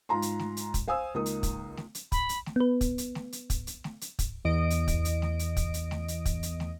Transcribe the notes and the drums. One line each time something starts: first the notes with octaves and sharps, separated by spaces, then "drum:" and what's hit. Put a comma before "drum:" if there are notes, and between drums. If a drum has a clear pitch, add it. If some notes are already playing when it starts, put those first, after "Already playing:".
G#2 F4 A#5 C6
drum: hi-hat
drum: snare
drum: hi-hat
drum: kick, hi-hat
C5 F5 G#5 D#6 E6
C#2 A#3 D#4 D#6
drum: hi-hat
drum: kick, hi-hat
drum: snare
drum: hi-hat
B5, drum: kick, hi-hat
drum: hi-hat
drum: snare
B3 B4
drum: kick, hi-hat
drum: hi-hat
drum: snare
drum: hi-hat
drum: kick, hi-hat
drum: hi-hat
drum: snare
drum: hi-hat
drum: kick, hi-hat
E2 D#5 D7
drum: hi-hat
drum: kick, hi-hat
drum: hi-hat
drum: snare
drum: hi-hat
drum: kick, hi-hat
drum: hi-hat
drum: snare
drum: hi-hat
drum: kick, hi-hat
drum: hi-hat
drum: snare